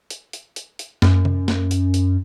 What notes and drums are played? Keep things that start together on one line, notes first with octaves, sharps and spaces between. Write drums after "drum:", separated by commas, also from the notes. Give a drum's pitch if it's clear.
drum: hi-hat
drum: hi-hat
drum: hi-hat
drum: hi-hat
F#2, drum: snare
drum: tom C3
drum: snare
drum: hi-hat
drum: hi-hat